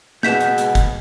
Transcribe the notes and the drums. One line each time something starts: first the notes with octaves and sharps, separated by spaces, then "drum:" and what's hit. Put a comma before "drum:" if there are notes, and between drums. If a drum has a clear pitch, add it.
C#2 B2 G#4 F#5 G6 B6 E7, drum: snare
drum: hi-hat
drum: hi-hat
drum: kick, hi-hat